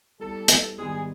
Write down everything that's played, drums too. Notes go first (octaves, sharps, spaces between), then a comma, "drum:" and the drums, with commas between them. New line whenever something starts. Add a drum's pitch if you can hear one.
G3 B3 E4 A4
drum: hi-hat
G#2 D#3 G3 B3 G#4